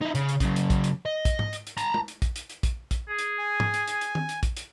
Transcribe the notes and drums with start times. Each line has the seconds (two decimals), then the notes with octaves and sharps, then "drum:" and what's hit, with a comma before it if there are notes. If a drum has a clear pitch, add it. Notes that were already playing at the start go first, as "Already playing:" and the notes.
0.02 D#4 E4
0.15 C#3, drum: hi-hat
0.29 drum: hi-hat
0.40 F#2 C#3, drum: kick, hi-hat
0.56 drum: hi-hat
0.70 drum: kick, hi-hat
0.84 drum: hi-hat
1.06 D#5
1.25 drum: kick, hi-hat
1.39 drum: tom G#2
1.53 drum: hi-hat
1.67 drum: hi-hat
1.77 A5 A#5, drum: hi-hat
1.94 drum: tom
2.08 drum: hi-hat
2.22 drum: kick, hi-hat
2.36 drum: hi-hat
2.49 drum: hi-hat
2.63 drum: kick, hi-hat
2.91 drum: kick, hi-hat
3.08 G#4
3.19 drum: hi-hat
3.39 G#5
3.60 drum: tom G#2
3.74 drum: hi-hat
3.88 drum: hi-hat
4.01 drum: hi-hat
4.15 drum: tom
4.29 drum: hi-hat
4.43 drum: kick, hi-hat
4.57 drum: hi-hat